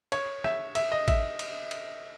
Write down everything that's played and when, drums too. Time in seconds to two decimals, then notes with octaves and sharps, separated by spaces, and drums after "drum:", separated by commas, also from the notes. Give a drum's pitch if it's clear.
0.12 C#5, drum: cymbal
0.44 E5, drum: rim click
0.75 E5, drum: cymbal
0.92 D#5
1.08 E5, drum: kick, cymbal
1.39 drum: cymbal
1.71 drum: cymbal